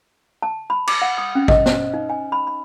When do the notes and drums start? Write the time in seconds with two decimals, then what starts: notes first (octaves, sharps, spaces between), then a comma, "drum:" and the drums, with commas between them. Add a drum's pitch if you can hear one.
0.42 A5
0.70 B5
0.88 D6, drum: cymbal
1.02 F#5
1.18 D#6
1.35 C#4
1.48 D#5, drum: kick G#1
1.66 C5, drum: snare
1.94 D#4
2.10 G#5
2.32 B5
2.47 B5